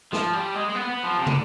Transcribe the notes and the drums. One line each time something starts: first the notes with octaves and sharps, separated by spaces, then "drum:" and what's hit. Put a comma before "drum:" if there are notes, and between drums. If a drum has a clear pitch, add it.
F3, drum: snare
G3
G#3
G#3
B3
B3
F3
C3
D3, drum: tom